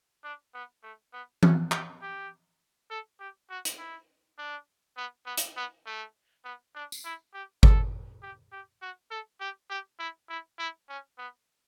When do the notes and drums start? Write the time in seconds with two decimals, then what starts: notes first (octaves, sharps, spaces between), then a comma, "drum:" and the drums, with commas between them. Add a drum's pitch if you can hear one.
0.24 D4
0.54 B3
0.83 A3
1.13 B3
1.43 C#4, drum: tom E3
1.72 G4, drum: clap
2.02 G4
2.90 A4
3.20 G4
3.50 F#4
3.65 drum: hi-hat
3.78 E4
4.38 D4
4.97 B3
5.26 B3
5.38 drum: hi-hat
5.56 B3
5.86 A3
6.45 B3
6.75 D4
6.92 drum: tambourine
7.05 E4
7.34 G4
7.63 A4, drum: kick G1
8.23 G4
8.52 G4
8.82 F#4
9.11 A4
9.41 G4
9.70 G4
9.99 E4
10.29 E4
10.59 E4
10.89 C#4
11.18 B3